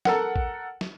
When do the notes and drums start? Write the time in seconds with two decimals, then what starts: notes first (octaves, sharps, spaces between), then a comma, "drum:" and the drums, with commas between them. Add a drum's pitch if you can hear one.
0.05 A4 A#4 F#5, drum: snare
0.36 drum: kick A1
0.81 drum: snare